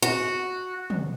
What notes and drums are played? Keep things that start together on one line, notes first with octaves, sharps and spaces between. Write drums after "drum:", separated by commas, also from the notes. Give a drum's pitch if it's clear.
F#4
drum: tom